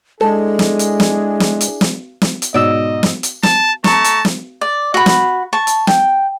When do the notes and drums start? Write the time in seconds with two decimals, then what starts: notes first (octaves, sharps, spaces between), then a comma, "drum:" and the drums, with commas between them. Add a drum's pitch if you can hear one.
0.21 G#3 D4 E4 G#4 A4
0.59 drum: snare
0.79 drum: hi-hat
1.00 drum: snare
1.40 drum: snare
1.61 drum: hi-hat
1.81 drum: snare
2.22 drum: snare
2.42 drum: hi-hat
2.54 G#2 B2 D5 D#5 E6
3.03 drum: snare
3.23 drum: hi-hat
3.43 A5, drum: snare
3.84 A3 A5 A#5 C#6, drum: snare
4.04 drum: hi-hat
4.25 drum: snare
4.61 D5
4.94 F#4 B5
5.06 drum: snare
5.53 A5 C#6
5.67 drum: hi-hat
5.87 G5, drum: snare